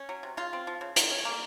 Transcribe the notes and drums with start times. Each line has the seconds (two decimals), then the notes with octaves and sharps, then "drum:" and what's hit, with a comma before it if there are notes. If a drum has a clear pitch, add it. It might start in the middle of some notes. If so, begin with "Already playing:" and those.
Already playing: C#4
0.09 F#3
0.23 C3
0.37 C#3 F4
0.53 C4
0.67 F3
0.81 C#3
0.96 D#3, drum: hi-hat
1.10 C#4
1.25 A#3